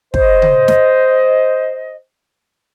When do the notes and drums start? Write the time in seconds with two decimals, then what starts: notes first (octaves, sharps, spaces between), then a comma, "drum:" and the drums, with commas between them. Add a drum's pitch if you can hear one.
0.14 C5 D#5, drum: kick
0.42 drum: tom C#3
0.68 drum: snare